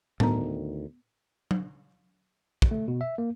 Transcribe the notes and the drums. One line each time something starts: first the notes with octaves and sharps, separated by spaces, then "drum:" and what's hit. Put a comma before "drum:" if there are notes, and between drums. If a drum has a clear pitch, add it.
D2 D#3 B3 A#5, drum: tom A2
drum: tom F#3
drum: kick
A3
B2
E5
A#3